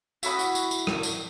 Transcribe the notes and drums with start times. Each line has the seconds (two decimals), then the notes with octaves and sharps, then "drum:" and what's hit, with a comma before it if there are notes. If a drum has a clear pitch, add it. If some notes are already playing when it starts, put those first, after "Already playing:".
0.23 E4 F#4 B5 D#6, drum: tambourine
0.39 drum: tambourine
0.55 drum: tambourine
0.71 drum: tambourine
0.87 drum: rim click
1.03 drum: tambourine